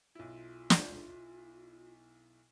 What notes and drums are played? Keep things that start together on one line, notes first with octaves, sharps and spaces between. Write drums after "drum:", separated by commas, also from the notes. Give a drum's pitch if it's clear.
B1 E4 F4
drum: snare